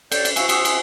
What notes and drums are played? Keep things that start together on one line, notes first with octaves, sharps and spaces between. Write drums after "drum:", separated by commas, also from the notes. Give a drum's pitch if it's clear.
A4 C#5 D5 G5, drum: cymbal
drum: cymbal
F4 F#4 C5 E5 F5 G#5 C#6, drum: cymbal
C4 F#4 G#4 D#6 E6, drum: cymbal
drum: cymbal